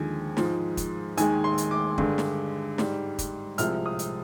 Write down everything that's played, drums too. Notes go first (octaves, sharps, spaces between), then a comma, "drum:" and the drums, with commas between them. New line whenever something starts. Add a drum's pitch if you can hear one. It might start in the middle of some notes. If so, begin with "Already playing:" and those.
Already playing: D#2 D3 F3 G#3 G#5
G#2 F3 G#3, drum: snare
drum: kick, hi-hat
D#2 D#3 G#3 G#5, drum: hi-hat
C6
drum: hi-hat
D6
G2 D3 G#3, drum: kick
drum: snare
G#2 G3, drum: snare
drum: kick, hi-hat
C2 C3 F3 G#3 F6, drum: hi-hat
D#6
drum: hi-hat